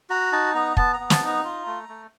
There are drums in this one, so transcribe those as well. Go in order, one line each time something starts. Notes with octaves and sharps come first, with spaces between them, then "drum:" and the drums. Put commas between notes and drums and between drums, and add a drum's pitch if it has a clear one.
F#4 A#5
D#4 A5
B3 A#5
B3 A5, drum: kick
A#5
B3
A5, drum: snare
D#4
A#5
F4
A3
A3